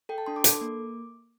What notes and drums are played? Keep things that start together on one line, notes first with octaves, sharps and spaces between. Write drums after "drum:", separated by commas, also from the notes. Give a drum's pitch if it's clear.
A4 G5
A5
D4 C6
D6
A4, drum: hi-hat
A#3